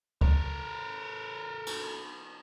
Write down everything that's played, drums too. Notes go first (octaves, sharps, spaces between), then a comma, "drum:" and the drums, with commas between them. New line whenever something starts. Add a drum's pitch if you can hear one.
A4 A#4, drum: kick C#2
drum: cymbal